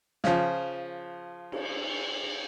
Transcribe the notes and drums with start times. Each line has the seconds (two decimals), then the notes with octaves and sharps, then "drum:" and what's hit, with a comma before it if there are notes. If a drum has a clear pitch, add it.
0.24 C#3 F3, drum: snare
1.52 drum: cymbal